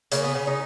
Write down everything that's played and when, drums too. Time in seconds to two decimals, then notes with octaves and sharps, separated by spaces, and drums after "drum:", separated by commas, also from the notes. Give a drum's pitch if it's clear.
0.12 C#3 A#3, drum: hi-hat
0.23 B3
0.35 C#3 C#4
0.47 D#4